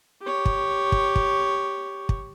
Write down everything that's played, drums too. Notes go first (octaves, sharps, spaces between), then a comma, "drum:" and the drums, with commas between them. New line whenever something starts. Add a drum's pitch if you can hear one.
G4 C#5
drum: kick
drum: kick
drum: kick
drum: kick